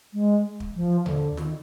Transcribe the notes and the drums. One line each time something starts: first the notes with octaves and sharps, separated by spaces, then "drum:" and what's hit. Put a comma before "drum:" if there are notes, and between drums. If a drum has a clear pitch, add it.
G#3
drum: kick
F3
D3, drum: tom D#2
D#3, drum: snare